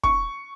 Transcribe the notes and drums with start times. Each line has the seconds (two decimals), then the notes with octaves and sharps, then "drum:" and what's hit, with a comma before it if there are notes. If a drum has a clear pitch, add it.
0.03 C#6, drum: kick